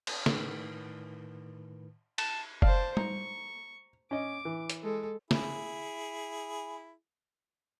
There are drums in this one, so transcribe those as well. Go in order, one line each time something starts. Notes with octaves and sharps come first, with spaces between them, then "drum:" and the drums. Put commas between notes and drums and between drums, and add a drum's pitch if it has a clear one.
C#5 A5 D#6, drum: cymbal
A2 D#3 B4, drum: snare
A5, drum: cymbal
C5 D5 F5 A5, drum: kick F#1
A#5 C#6, drum: tom G3
C#4 D#5 D6
E3
drum: hi-hat
G#3 A4
E4 G#4, drum: snare